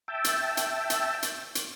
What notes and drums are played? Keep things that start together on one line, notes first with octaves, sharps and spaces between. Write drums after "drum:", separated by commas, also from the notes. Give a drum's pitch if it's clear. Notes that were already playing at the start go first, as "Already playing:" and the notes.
E5 G5 A5
drum: hi-hat
drum: hi-hat
drum: hi-hat
drum: hi-hat
drum: hi-hat